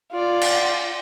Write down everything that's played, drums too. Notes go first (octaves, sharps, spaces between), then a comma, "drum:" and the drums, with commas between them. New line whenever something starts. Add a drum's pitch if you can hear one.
F4 D5
drum: cymbal